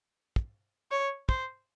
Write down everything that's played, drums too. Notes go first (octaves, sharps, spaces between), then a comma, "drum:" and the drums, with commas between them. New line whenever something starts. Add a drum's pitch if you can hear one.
drum: kick
C#5
C5, drum: kick